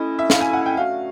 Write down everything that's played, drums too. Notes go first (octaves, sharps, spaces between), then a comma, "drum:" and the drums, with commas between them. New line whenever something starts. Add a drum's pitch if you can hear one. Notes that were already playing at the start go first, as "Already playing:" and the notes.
Already playing: A3 C#4 E4 D#5
E5
F5, drum: snare
G#5
F#5
G5
D3 F#3 A3 C#4 F#4 F5